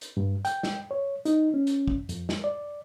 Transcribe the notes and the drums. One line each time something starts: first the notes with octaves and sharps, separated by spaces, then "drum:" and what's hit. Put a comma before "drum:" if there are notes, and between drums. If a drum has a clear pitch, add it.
drum: hi-hat
G2
G5, drum: hi-hat
drum: snare
C#5
D#4, drum: hi-hat
C#4
drum: hi-hat
drum: kick
F2, drum: hi-hat
drum: snare
D5